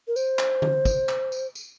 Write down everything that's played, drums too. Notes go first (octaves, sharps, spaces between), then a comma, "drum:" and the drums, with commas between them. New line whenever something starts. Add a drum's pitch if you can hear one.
A#4
C5, drum: tambourine
drum: clap
drum: tom D3
drum: kick, tambourine
drum: clap
drum: tambourine
drum: tambourine